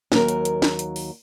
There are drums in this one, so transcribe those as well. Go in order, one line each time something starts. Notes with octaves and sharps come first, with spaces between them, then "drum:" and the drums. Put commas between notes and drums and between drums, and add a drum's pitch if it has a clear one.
D#2 F#3 A#4, drum: snare
drum: hi-hat
drum: hi-hat
drum: snare
drum: hi-hat
drum: open hi-hat